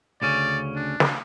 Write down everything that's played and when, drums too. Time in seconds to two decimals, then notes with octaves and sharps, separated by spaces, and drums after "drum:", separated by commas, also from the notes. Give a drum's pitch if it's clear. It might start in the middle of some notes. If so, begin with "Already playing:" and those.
0.22 D2 C#3 C#4 D5
0.76 D4
1.00 drum: snare